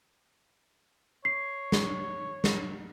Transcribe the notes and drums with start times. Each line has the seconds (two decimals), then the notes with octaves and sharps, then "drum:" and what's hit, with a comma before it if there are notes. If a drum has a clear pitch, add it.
1.25 C#5 C7
1.72 drum: snare
2.44 drum: snare